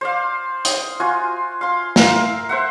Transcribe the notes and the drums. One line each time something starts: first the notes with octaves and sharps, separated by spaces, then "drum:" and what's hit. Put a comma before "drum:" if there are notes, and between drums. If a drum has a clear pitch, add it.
C5 D5 F5
D#6, drum: hi-hat
F4 F#4 G#5
F5 C6
A#4 E5 F5, drum: snare
C5 E5 F#5